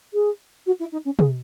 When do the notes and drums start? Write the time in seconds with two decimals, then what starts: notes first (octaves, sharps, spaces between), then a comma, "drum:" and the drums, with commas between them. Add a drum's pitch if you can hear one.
0.14 G#4
0.66 F#4
0.80 E4
0.92 D#4
1.05 C#4
1.19 G#4, drum: tom